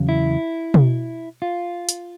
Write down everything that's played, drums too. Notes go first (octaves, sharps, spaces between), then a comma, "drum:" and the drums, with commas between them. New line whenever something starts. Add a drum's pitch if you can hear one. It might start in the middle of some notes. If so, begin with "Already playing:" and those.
Already playing: E2 C#3 F#3
E4
drum: tom B2
F4
drum: hi-hat